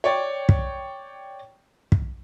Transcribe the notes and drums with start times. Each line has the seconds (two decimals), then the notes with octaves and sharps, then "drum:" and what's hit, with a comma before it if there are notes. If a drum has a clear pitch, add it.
0.04 C#5 D5 G5
0.49 drum: kick
1.92 drum: kick